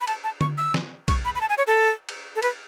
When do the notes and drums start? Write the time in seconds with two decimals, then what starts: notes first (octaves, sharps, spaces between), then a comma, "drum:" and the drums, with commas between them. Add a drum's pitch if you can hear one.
0.01 B5
0.07 A5, drum: cymbal
0.24 A5
0.41 C#6, drum: tom D3
0.58 E6
0.74 drum: snare
1.08 C#6, drum: kick, cymbal
1.25 B5
1.35 B5
1.41 A5
1.49 G#5
1.58 C#5
1.67 A4
2.09 drum: cymbal
2.36 A4
2.42 B4, drum: cymbal